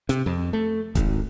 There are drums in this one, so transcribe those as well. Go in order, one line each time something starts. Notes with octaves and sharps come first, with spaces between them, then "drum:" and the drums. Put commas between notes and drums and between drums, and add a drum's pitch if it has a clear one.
C3, drum: hi-hat
F2
A3
G#1, drum: kick D#1, hi-hat